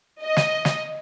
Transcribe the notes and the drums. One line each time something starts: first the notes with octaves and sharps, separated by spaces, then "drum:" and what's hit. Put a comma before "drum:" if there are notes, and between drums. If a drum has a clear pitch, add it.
D#5
drum: snare
drum: snare